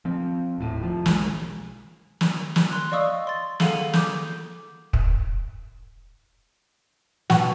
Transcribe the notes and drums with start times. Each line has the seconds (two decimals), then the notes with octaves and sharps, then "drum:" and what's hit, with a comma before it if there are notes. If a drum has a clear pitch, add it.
0.05 F3 C4
0.58 D#1 A2
0.79 F1 C#3 F3
1.06 B1 G#3, drum: snare
2.21 drum: snare
2.56 drum: snare
2.70 C6 F#6
2.92 D5 D#5 F5 C#6 D#6 E6
3.27 C6 A6
3.60 G#4 A4 F5 F#5 D#7, drum: snare
3.93 D6 D#6 G6, drum: snare
4.93 drum: kick
7.30 B2 F#4, drum: snare